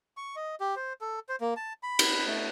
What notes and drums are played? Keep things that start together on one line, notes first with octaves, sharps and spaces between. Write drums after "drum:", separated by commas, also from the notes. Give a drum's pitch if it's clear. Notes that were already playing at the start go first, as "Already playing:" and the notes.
C#6
D#5
G4
C5
A4
C5
A#3
A5
B5
drum: cymbal
A3